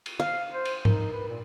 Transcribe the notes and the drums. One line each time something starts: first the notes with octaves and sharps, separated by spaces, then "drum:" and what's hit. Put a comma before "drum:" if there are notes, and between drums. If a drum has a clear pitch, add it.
drum: cymbal
F5
C5
drum: cymbal
D#4 A#4, drum: tom G#2
B4
A#2